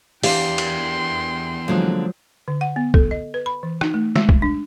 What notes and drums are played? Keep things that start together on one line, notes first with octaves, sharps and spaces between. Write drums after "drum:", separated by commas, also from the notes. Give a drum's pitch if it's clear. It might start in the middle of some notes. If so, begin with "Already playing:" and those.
E2 E3 D4 G4 F5 G5 C6, drum: open hi-hat
drum: cymbal
D3 F3 F#3 G#3 A#3
D3
F#5
B3
A4, drum: kick
D#5
B4
B5
E3
D#4, drum: rim click
A3
G#3, drum: snare
drum: kick
D4